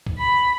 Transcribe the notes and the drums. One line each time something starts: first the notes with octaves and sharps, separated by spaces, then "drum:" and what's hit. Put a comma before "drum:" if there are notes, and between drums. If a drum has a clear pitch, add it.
drum: kick
B5